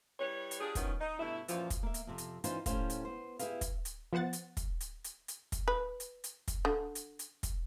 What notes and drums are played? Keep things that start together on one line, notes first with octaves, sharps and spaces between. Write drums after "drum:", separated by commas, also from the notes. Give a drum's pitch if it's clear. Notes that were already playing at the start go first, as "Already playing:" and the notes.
G3 E4 B4 C#5
drum: hi-hat
D4 F4 G4 G#4
D#3 F3 F#3 B3 C#4 E4, drum: kick, hi-hat
D#4
G2 B2 A3 E4
F#2 A#2 E3 F3, drum: hi-hat
drum: kick, hi-hat
A#3 E5
drum: hi-hat
F2 C3
drum: hi-hat
E3 C#4 D#4 F4 C5, drum: hi-hat
A2 C#4 G4 C5 F5, drum: kick, hi-hat
drum: hi-hat
B3 C5
E4 G4 G#4 B4 F5, drum: hi-hat
drum: kick, hi-hat
drum: hi-hat
F3 B3 C5 F#5 A6
drum: hi-hat
drum: kick, hi-hat
drum: hi-hat
drum: hi-hat
drum: hi-hat
drum: kick, hi-hat
B4
drum: hi-hat
drum: hi-hat
drum: kick, hi-hat
D3
drum: hi-hat
drum: hi-hat
drum: kick, hi-hat